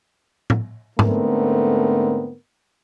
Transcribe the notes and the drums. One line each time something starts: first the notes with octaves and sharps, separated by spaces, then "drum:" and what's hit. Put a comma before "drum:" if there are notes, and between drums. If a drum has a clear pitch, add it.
drum: tom A2
G#2 D3 A3 B3 C4 A#4, drum: tom G#2